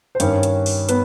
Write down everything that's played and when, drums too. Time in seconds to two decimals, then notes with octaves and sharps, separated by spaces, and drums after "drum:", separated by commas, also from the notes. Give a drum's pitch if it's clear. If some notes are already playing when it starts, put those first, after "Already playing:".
0.15 C5
0.20 G2 D#3 C#4 C#5, drum: hi-hat
0.43 drum: hi-hat
0.66 drum: open hi-hat
0.89 B3 B4, drum: hi-hat